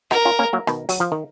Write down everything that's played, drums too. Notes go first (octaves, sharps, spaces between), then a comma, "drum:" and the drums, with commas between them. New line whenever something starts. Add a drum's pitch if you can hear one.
D#4 F#4 A#4, drum: rim click
C#4 F4
A#3 C#4
F#3 A#3
B2 D#3, drum: rim click
F#3, drum: open hi-hat
F3
D#3